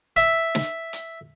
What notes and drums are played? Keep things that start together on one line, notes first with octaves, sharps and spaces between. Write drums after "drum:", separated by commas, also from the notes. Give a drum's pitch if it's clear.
E5, drum: hi-hat
drum: snare
drum: hi-hat